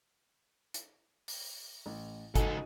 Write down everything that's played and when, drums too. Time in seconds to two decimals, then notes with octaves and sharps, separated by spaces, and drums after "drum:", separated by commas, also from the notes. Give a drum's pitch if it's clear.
0.74 drum: hi-hat
1.28 drum: open hi-hat
1.86 A1
2.35 C#2 D#4 F#4 A4 G#5, drum: kick G1, hi-hat